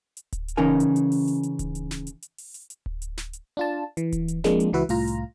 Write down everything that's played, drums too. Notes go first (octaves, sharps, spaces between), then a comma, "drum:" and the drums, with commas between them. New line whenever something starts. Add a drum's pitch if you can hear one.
drum: hi-hat
drum: kick D1, hi-hat
drum: hi-hat
C#3 E3 C#4 D#4 A#4 G#5
drum: hi-hat
drum: hi-hat
drum: open hi-hat
drum: hi-hat
drum: hi-hat
drum: kick D1, hi-hat
drum: hi-hat
drum: snare
drum: hi-hat
drum: hi-hat
drum: open hi-hat
drum: hi-hat
drum: hi-hat
drum: kick D1
drum: hi-hat
drum: snare
drum: hi-hat
D4 F4 A5
E3, drum: hi-hat
drum: kick D1, hi-hat
drum: hi-hat
F3 G#3 A#3 C4 D4, drum: snare
drum: hi-hat
C#2 E3 F#4 B4 E5
C2 A2 F4 A#5, drum: open hi-hat
drum: hi-hat